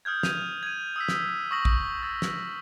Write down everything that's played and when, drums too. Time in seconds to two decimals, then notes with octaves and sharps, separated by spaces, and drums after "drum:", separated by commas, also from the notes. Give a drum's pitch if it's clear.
0.05 D#6 F6 G6 G#6
0.23 G#6 D#7 F7, drum: snare
0.63 G#6 D#7
0.96 D#6 E6 B6
1.09 drum: snare
1.51 C#6 D#6 A#6 F#7
1.65 drum: kick
2.02 E6 A6
2.22 drum: snare